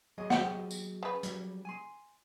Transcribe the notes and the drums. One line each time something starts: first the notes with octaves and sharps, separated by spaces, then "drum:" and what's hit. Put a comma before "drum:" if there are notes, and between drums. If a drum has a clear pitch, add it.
F#3 G#4 D#5
G4 F#5, drum: snare
drum: tambourine
C#3 B4
F#3 G3, drum: hi-hat
G#5 C6